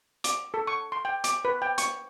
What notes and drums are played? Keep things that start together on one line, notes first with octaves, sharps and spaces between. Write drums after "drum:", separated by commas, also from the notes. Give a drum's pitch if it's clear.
D6, drum: hi-hat
A4
C#6
C6
G5
D6, drum: hi-hat
B4
G5
C#6, drum: hi-hat